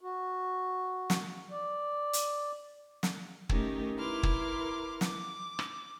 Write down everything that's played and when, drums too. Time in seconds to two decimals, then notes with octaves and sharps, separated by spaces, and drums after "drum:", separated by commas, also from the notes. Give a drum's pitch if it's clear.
0.01 F#4
1.10 drum: snare
1.51 D5
2.13 drum: hi-hat
3.03 drum: snare
3.49 D#3 A3 C#4 D#4 G4 A#4, drum: kick
3.99 E4 A#4 B4 C6 D6 F6
4.23 drum: kick
5.01 D6, drum: snare
5.59 drum: rim click